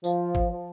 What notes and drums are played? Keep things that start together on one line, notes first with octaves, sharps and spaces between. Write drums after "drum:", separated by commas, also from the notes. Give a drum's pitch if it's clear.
F3, drum: tambourine
drum: kick
F3